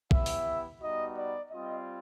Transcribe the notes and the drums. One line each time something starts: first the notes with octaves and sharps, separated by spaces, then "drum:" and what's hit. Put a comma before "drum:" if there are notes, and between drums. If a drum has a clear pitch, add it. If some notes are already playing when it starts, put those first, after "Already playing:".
B3 E4 G4 E5, drum: kick
drum: open hi-hat
G3 B3 D#4 F#4 D#5
D5
G3 C4 F4 D#5